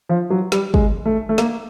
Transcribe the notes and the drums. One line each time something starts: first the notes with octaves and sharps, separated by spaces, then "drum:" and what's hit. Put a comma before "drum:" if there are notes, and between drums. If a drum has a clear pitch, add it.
F3
F#3
G3, drum: snare
G#3, drum: kick
A3
A3
A#3, drum: snare